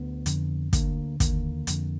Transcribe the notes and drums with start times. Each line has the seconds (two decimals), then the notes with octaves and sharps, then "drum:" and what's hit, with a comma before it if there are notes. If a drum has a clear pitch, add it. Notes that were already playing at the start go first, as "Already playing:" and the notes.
Already playing: D2 B3
0.26 F2 D3, drum: hi-hat
0.73 D2 D3 A#3, drum: kick, hi-hat
1.20 D#2 D3 A#3, drum: kick, hi-hat
1.67 F2 D3, drum: hi-hat